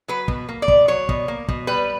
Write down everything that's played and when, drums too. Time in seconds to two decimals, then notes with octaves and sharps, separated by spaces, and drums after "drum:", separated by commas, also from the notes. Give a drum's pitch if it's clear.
0.08 F#3 B4
0.28 B2, drum: kick
0.49 A#3
0.62 D5
0.68 B2, drum: kick
0.88 F#3 C#5
1.09 B2, drum: kick
1.28 A#3
1.48 B2, drum: kick
1.67 G3 B4